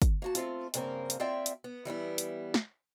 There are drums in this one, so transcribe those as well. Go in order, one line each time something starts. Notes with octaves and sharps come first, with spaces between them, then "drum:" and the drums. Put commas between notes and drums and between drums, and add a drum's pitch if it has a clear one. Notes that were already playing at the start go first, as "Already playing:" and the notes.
drum: kick, hi-hat
A#3 F#4 A5
A3 C4 F4, drum: hi-hat
G2 C#3 A#3 C4 F#4 A#4, drum: hi-hat
drum: hi-hat
A#3 C4 F4 D5 E5 G5
drum: hi-hat
B3
E3 G3 B3 E4
drum: hi-hat
drum: snare